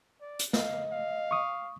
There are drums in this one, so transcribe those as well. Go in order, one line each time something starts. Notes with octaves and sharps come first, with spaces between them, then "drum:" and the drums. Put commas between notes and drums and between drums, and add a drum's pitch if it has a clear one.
D5
drum: hi-hat
D#5 F5, drum: snare
F5
C#6 D#6